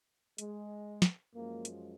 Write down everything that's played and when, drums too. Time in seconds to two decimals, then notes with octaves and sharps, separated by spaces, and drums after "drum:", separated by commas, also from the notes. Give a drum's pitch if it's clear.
0.38 G#3, drum: hi-hat
1.02 drum: snare
1.33 F#2 F3 G#3 A#3
1.65 drum: hi-hat